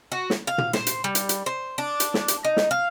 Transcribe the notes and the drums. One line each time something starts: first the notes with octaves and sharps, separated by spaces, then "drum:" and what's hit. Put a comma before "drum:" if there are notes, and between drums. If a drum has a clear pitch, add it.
F#4
drum: snare
F5
drum: tom
C5, drum: snare
drum: hi-hat
G3
drum: hi-hat
drum: hi-hat
C5
D4
drum: hi-hat
drum: snare
drum: hi-hat
D#4
drum: snare
F5